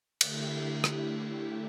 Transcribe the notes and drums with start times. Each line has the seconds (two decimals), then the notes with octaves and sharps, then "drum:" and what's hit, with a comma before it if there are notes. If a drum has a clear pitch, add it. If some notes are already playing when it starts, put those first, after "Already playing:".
0.21 D3 A3 E4 G4, drum: cymbal
0.84 drum: rim click